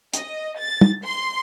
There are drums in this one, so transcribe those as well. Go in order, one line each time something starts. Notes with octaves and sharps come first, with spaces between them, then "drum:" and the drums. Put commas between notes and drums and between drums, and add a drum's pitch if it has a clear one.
D#5, drum: hi-hat
A6
drum: tom
C6